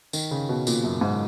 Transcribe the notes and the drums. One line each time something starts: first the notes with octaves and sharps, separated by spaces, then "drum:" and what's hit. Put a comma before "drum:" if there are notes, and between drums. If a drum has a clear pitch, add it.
D#3, drum: tambourine
C#3
B2
A#2, drum: tambourine
F#2
G#2